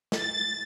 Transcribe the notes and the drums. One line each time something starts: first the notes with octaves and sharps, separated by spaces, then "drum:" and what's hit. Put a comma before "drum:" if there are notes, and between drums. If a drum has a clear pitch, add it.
A6, drum: snare